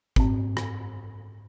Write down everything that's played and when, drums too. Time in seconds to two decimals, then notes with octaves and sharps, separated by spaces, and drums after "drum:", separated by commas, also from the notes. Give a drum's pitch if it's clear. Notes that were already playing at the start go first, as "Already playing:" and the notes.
0.16 G#2 C4, drum: kick
0.57 drum: rim click